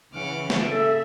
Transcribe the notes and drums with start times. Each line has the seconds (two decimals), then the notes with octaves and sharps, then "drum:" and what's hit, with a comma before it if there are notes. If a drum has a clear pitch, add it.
0.12 C#3 E3 C#4 F#5 D6 F6
0.50 drum: snare
0.70 A#3 G#4 A4 E5